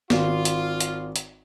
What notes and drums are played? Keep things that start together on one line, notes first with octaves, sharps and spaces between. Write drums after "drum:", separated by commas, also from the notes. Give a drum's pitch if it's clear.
G#1 F4, drum: snare
drum: hi-hat
drum: hi-hat
drum: hi-hat